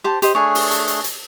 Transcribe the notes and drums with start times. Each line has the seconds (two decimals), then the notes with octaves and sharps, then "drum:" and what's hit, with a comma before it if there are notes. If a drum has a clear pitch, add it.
0.04 G4 C5 A5
0.22 G4 C5 D#5, drum: hi-hat
0.35 A3 D4 G#4 C#5 G#5
0.55 drum: open hi-hat
0.71 drum: hi-hat
0.88 drum: hi-hat
1.04 drum: hi-hat